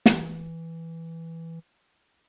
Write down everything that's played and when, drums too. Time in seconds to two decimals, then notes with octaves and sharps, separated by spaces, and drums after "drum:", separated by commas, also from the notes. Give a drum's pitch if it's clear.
0.06 E3, drum: snare